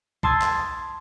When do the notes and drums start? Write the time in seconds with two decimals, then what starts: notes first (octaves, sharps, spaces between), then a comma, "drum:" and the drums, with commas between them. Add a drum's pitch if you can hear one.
0.23 A5 C6 D#6 E6 G#6 A6, drum: kick B1
0.42 drum: clap